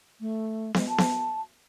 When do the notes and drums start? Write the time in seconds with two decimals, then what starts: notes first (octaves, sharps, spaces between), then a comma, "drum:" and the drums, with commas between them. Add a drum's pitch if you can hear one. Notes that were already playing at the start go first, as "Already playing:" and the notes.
0.21 A3
0.74 G#3, drum: snare B3
0.89 A5
0.98 drum: snare B3